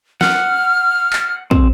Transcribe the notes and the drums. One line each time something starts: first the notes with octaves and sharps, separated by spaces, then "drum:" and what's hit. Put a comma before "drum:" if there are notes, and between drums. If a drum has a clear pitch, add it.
F#5 F6, drum: snare
drum: clap
C4, drum: kick